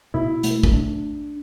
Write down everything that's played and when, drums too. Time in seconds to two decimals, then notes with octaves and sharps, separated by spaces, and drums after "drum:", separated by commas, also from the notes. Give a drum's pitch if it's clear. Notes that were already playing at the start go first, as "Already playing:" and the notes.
0.14 B2 E4
0.43 A3, drum: hi-hat
0.63 drum: kick
0.73 D4